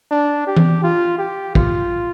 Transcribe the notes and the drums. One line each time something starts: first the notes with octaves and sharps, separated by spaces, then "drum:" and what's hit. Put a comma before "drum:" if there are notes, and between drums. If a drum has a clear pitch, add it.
D4
G4
drum: tom E3
F4
G4
F4, drum: kick